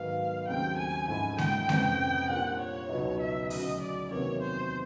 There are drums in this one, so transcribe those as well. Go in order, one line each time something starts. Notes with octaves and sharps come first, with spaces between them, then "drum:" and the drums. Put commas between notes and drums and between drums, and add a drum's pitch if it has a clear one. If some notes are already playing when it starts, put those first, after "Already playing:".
Already playing: G#2 D#3 F#3 B3 F5
D#2 C#3 F#3 A3 C4 G5
G#5
G#2 F3 A3 C#4 E4 G#5
G5, drum: snare G#3
F2 C3 E3 A3 C#4, drum: snare G#3
A#2 G3 A#3 D4 F4 F#5
C#5
C#2 B2 F#3 B3 D#4
E5
D2 C#3 F#3 D#5, drum: open hi-hat
D5
E2 C3 D#3 F#3 A#3 C#5
C5